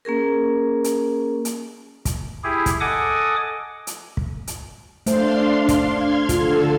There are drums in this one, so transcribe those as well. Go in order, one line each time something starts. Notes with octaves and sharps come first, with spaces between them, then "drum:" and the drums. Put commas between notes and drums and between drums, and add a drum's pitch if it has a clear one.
A#3 C#4 G#4 A#4
drum: hi-hat
drum: hi-hat
drum: kick, hi-hat
E4 G4 G#4
drum: kick, hi-hat
A4 D#5 F#5 G#5 D6 D#6
drum: hi-hat
drum: kick
drum: hi-hat
A3 D4 C5 F5 C6, drum: hi-hat
drum: kick, hi-hat
C6 F6 G#6
D3 F4 A4, drum: kick, hi-hat